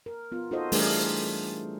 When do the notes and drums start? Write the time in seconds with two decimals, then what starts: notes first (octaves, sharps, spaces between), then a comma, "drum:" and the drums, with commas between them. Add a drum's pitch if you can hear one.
0.06 A#4
0.32 B3 F4
0.51 D#4 F4 F#4 A4 C5 D#5
0.72 E3 G3 A3 D4 G#4 A#4, drum: open hi-hat